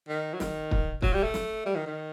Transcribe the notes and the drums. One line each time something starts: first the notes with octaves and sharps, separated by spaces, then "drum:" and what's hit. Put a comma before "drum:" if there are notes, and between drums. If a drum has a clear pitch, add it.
D#3
F#3
D#3, drum: snare
drum: kick
F#3, drum: kick
G3
A3
drum: snare
G3
D#3
D#3